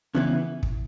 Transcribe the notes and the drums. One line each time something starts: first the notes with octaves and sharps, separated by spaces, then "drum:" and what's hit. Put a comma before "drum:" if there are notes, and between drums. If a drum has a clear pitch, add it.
C#3 E3 B3 E4
drum: kick